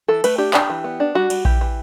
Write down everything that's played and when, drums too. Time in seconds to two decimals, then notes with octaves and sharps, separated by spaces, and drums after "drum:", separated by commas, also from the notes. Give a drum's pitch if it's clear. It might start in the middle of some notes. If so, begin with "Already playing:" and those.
0.08 E3 A4
0.24 A3 B4, drum: cymbal
0.38 D4 G4
0.54 D4 G4, drum: clap
0.70 E3
0.84 B3
1.00 D4
1.15 G3 F#4
1.30 G3, drum: cymbal
1.45 E3 G4, drum: kick A#1
1.61 E3